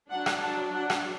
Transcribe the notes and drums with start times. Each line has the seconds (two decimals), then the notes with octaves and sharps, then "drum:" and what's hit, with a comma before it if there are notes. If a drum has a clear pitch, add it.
0.10 F#3 D4 F#5
0.26 drum: rim click
0.42 A5
0.74 F#5
0.90 drum: rim click